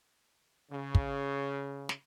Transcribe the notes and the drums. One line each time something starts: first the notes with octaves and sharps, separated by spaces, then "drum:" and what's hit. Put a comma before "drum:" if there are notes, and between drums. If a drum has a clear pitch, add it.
C#3
drum: kick
drum: snare